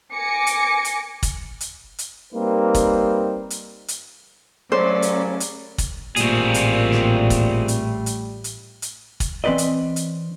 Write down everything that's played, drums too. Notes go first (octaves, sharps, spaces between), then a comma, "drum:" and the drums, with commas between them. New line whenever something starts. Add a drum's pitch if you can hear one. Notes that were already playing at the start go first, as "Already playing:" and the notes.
G#5 D6 A#6 C#7
drum: hi-hat
drum: hi-hat
drum: kick, hi-hat
drum: hi-hat
drum: hi-hat
G3 A#3 C4 D#4 B4
drum: kick, hi-hat
drum: hi-hat
drum: hi-hat
C2 C#3 F#3 A3 C#4 C5 D5
drum: hi-hat
drum: hi-hat
drum: kick, hi-hat
A1 A#2 G3 A3 C4 G#4, drum: hi-hat
drum: hi-hat
drum: snare
drum: kick, hi-hat
drum: hi-hat
drum: hi-hat
drum: hi-hat
drum: hi-hat
drum: kick, hi-hat
E3 C4 C#4 B4 D5 D#5
drum: hi-hat
drum: hi-hat